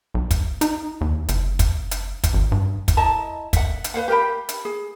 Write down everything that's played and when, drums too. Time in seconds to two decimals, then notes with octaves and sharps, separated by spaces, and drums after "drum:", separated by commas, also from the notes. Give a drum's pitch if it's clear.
0.14 B1
0.31 drum: kick, hi-hat
0.61 D#4, drum: hi-hat
1.01 D#2
1.28 F#1, drum: hi-hat
1.59 drum: kick, hi-hat
1.91 drum: hi-hat
2.24 drum: kick, hi-hat
2.34 G#1
2.52 G2
2.88 drum: kick, hi-hat
2.97 E4 D#5 A5 A#5
3.53 E5 F#5, drum: kick, hi-hat
3.84 drum: hi-hat
3.94 B4 C5 F5 F#5
4.08 G4 A#4 G5 B5
4.49 drum: hi-hat
4.65 G#4